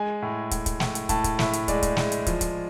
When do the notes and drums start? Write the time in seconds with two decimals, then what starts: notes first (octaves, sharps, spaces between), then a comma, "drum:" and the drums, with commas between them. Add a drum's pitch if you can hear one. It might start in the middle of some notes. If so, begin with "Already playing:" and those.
Already playing: G#3 G#5
0.22 A2
0.51 A2, drum: kick, hi-hat
0.66 drum: kick, hi-hat
0.80 A2, drum: snare
0.95 drum: hi-hat
1.09 A2 A5, drum: kick, hi-hat
1.24 drum: kick, hi-hat
1.39 A2 E5, drum: snare
1.53 drum: hi-hat
1.68 G#3 D5, drum: kick, hi-hat
1.83 drum: kick, hi-hat
1.97 G#3, drum: snare
2.12 drum: hi-hat
2.27 F3, drum: kick, hi-hat
2.41 drum: kick, hi-hat